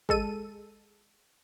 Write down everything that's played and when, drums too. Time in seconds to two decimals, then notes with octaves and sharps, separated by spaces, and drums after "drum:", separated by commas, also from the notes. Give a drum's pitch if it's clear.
0.09 G#3 A4 D#7, drum: kick